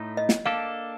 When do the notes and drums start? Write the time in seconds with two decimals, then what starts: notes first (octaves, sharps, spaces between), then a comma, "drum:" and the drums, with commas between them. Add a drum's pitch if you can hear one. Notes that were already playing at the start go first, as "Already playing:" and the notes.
Already playing: A2 A3 D#4
0.17 D#5
0.29 drum: snare
0.46 A#3 D4 A4 F5